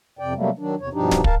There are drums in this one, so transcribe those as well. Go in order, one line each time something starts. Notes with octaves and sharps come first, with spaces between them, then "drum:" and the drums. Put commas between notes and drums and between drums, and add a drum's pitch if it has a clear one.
F2 C3 D5 G5
C3 F#3 G3 A3 A#3
D#3 F#3 D4
E2 C3 C#5
G2 B2 F3 D4 D#4 G4
drum: snare
A#4 F5 A5, drum: kick